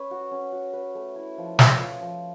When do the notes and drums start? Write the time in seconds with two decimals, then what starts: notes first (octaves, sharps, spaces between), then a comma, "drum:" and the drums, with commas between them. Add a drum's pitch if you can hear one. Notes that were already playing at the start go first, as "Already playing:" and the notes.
Already playing: C#4 B4
0.11 F#4
0.31 C#4
0.53 F#4
0.73 B4
0.95 A3
1.16 E4
1.38 F3
1.59 F3, drum: snare
1.80 F3
2.01 F3